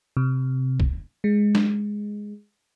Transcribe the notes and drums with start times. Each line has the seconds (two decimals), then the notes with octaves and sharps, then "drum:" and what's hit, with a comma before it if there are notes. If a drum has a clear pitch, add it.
0.17 C3
0.80 drum: kick
1.24 G#3
1.55 drum: snare